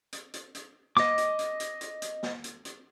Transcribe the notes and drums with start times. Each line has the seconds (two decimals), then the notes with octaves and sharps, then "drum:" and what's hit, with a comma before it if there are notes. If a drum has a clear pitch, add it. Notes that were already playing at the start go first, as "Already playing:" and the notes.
0.12 drum: hi-hat
0.33 drum: hi-hat
0.55 drum: hi-hat
0.97 D#5 D6, drum: snare
1.18 drum: hi-hat
1.39 drum: hi-hat
1.60 drum: hi-hat
1.81 drum: hi-hat
2.02 drum: hi-hat
2.23 drum: snare
2.44 drum: hi-hat
2.65 drum: hi-hat